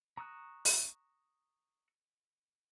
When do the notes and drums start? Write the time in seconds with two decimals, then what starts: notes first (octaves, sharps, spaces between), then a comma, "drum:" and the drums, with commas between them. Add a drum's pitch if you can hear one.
0.17 A#5 C#6 D#6 E6 F#6
0.65 drum: open hi-hat